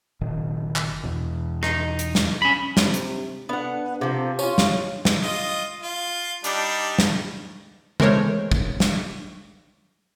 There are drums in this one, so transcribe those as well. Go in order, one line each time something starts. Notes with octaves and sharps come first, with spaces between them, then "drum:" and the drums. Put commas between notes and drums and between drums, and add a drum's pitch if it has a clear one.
F#1 A#2 D#3
drum: clap
E2 B2
D#4, drum: rim click
drum: hi-hat
drum: snare
C#4 B5
C3, drum: snare
drum: hi-hat
B3 D4 F#5
C3 F3 G4
C#4 F4, drum: tambourine
drum: snare
drum: snare
F4 D#5
F4
G3 D4 D#4, drum: hi-hat
drum: snare
E3 G#3 A3 A#4 C5 C#5, drum: tom
drum: kick
drum: snare